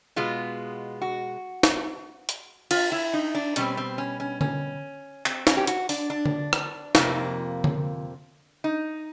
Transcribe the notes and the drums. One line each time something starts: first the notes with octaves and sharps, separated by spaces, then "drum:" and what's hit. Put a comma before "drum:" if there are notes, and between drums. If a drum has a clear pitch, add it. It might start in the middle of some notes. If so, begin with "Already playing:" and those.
B2 G#3 B3 F4
F#4
drum: snare
drum: hi-hat
F4, drum: cymbal
E4
D#4
D4
B2 G3 C4 C#4, drum: hi-hat
C4
C#4
C#4
C#4, drum: tom D3
C4, drum: clap
C#4, drum: snare
G4
F#4, drum: hi-hat
D4, drum: open hi-hat
D4
drum: tom D3
drum: rim click
F2 C3 F3 A#3, drum: snare
drum: tom D3
D#4